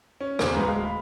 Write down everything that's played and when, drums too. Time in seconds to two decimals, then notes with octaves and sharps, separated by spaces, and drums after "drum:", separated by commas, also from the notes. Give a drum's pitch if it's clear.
0.21 C#4
0.39 D1 E2 C#3 A#3 C5 D6, drum: rim click
0.54 D#1 G#2 F3 G#3 B4 A#5
0.68 D1 G#3 F5
0.85 B5